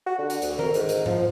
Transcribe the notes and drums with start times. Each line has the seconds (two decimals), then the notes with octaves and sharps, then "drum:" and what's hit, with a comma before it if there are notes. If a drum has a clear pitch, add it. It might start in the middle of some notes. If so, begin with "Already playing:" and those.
0.06 F#4
0.19 D3
0.30 drum: hi-hat
0.42 D2, drum: hi-hat
0.59 A#4, drum: tom D#3
0.74 G#2, drum: hi-hat
0.89 drum: hi-hat
1.06 F3, drum: tom G#2